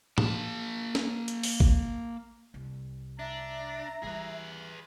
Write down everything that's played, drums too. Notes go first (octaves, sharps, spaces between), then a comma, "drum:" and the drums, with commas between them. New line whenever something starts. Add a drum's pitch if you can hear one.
A#3 A5, drum: tom
drum: snare C#4
drum: hi-hat
drum: open hi-hat
drum: kick G#1
C2
D4 E5 A#5
E3 G3 G#4 B4